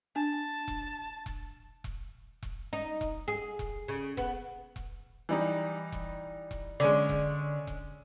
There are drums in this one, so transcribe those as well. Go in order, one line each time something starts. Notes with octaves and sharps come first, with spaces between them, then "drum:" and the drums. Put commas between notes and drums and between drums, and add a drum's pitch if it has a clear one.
D4 A5
drum: kick E1
drum: kick E1
drum: kick E1
drum: kick E1
D#4
drum: kick E1
G#4
drum: kick E1
C#3
B3, drum: kick E1
drum: kick E1
E3 G3 D#4
drum: kick E1
drum: kick E1
D3 G#3 C#4 D4
drum: kick E1
drum: kick E1